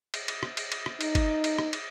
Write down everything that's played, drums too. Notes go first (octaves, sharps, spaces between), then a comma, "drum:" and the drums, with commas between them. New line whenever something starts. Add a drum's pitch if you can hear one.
drum: cymbal
drum: cymbal
drum: rim click
drum: cymbal
drum: cymbal
drum: rim click
D#4, drum: cymbal
drum: kick, cymbal
drum: cymbal
drum: rim click
drum: cymbal